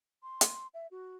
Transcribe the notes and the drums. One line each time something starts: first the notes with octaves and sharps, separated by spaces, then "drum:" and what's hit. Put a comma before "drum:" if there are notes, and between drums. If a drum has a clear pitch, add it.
C6
drum: hi-hat
E5
F#4